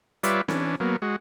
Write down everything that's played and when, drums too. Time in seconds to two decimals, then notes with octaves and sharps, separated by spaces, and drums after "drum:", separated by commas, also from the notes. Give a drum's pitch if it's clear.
0.23 G3 F4 B4 C#5 D5 E5, drum: hi-hat
0.48 E3 C#4 D4, drum: snare C4
0.80 F#3 A#3 B3
1.02 G#3 F#4